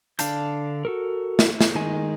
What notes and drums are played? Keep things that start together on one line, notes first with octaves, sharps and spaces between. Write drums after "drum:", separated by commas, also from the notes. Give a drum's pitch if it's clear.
D3 D4 F5 A5 G6, drum: hi-hat
F#4 A4 A#4
drum: snare
drum: snare
D#3 G#3 G#5